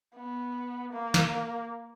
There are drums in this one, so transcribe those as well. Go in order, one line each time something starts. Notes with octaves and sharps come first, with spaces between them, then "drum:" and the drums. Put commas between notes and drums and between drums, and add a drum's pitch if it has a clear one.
B3
A#3
drum: snare